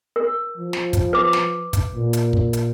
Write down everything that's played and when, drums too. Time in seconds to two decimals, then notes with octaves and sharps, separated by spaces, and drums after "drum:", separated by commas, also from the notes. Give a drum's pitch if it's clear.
0.16 A#4
0.58 F3
0.73 drum: snare
0.93 drum: kick, hi-hat
1.13 B4 D6
1.33 drum: snare
1.73 drum: kick, hi-hat
1.95 A#2
2.13 drum: hi-hat
2.33 drum: kick
2.53 drum: hi-hat